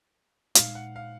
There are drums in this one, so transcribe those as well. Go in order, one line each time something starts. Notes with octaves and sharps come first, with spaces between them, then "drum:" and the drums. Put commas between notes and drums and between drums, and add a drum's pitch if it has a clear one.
A#2 G#3 D#4 F5, drum: hi-hat
F#5
F5